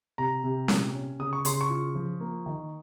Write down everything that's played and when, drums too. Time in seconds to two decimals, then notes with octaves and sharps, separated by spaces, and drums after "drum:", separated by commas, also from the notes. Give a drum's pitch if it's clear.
0.18 C3 A#5
0.44 C3
0.68 A#2, drum: snare C#4
0.94 C#4
1.19 C#3 D#6
1.33 C#6
1.45 C#3 C6, drum: hi-hat
1.61 C#6
1.70 F4
1.95 F3
2.20 A#3
2.46 D#3